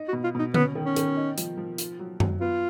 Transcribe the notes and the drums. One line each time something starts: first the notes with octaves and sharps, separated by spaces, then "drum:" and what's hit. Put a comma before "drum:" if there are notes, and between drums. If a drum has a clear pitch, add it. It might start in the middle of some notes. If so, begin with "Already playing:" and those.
Already playing: D#4
F#4
B2
F4
B2 D#4
B3 C#4, drum: tom D3
D#3
C#4
D#3, drum: hi-hat
D#4
F3, drum: hi-hat
F3
F4, drum: hi-hat
F#3
F#3, drum: tom F#2
B3 F4